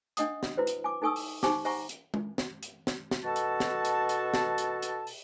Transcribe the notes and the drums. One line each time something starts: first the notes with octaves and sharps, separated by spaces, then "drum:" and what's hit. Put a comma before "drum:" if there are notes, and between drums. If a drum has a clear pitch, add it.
C#4 D4 D#5 F#5 D#6, drum: hi-hat
drum: snare
E4 F#4 B4 C5
drum: hi-hat
G#5 D6
D#4 A4 G#5 C#6 D#6 E6
drum: open hi-hat
D#4 G4 C5 G#5 C#6 D6, drum: snare
C5 E5 F#5 G#5 A#5 C#6, drum: open hi-hat
drum: hi-hat
drum: tom G#3
drum: snare
drum: hi-hat
drum: snare
drum: snare
B2 F#4 A4 A5
drum: hi-hat
drum: snare
drum: hi-hat
drum: hi-hat
drum: snare
drum: hi-hat
drum: hi-hat
drum: open hi-hat